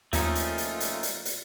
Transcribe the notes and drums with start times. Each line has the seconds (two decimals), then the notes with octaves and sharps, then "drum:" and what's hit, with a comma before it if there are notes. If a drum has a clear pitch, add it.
0.13 D#2 F3 A3 A#3 C4 C#4 D#4 F4, drum: hi-hat
0.35 drum: hi-hat
0.58 drum: hi-hat
0.80 drum: hi-hat
1.03 drum: hi-hat
1.25 drum: hi-hat